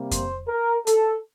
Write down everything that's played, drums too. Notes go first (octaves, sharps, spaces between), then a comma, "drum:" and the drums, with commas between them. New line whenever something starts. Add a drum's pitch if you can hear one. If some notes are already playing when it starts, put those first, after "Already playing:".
Already playing: C3 G3 A#3
C5, drum: kick F2, hi-hat
A#4
A4, drum: hi-hat